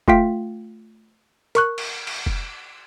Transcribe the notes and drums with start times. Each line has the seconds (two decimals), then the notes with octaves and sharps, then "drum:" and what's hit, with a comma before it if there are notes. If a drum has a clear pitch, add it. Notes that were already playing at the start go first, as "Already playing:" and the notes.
0.08 A3 F4 F5 G5 B6, drum: kick F1
1.55 A#4 C#6 F#6, drum: hi-hat
1.78 drum: cymbal
2.07 drum: cymbal
2.26 drum: kick F1